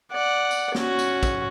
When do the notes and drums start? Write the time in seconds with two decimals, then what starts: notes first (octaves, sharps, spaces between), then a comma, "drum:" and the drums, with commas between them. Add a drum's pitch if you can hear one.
0.12 D5 F#5
0.51 drum: tambourine
0.75 C#4 F#4, drum: snare A#3
0.99 drum: tambourine
1.23 drum: kick, tambourine